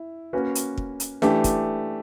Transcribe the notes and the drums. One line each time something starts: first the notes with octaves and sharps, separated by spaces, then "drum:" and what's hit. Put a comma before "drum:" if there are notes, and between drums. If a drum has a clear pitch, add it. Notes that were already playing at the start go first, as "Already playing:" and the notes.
Already playing: E4
A#3 C#4 F#4 B4
drum: hi-hat
drum: kick
drum: hi-hat
E3 A3 D4 G4, drum: snare
drum: kick, hi-hat